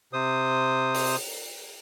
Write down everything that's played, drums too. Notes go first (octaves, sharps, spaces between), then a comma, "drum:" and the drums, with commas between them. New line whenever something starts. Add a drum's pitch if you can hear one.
C3 C5 D#6
drum: open hi-hat